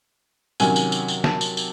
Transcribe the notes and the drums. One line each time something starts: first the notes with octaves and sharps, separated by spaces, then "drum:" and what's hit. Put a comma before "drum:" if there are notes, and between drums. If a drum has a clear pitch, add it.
C3 D#3 F#3 C#4 G#5, drum: tambourine
drum: tambourine
drum: tambourine
drum: tambourine
A5, drum: snare
drum: tambourine
drum: tambourine